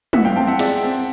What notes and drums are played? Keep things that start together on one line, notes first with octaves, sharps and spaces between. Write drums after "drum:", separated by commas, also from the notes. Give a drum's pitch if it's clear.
E3 E5 F#5, drum: tom
F5 G5
C4 G5 A5
E5 F#5
G#3 D5 E5, drum: cymbal
C4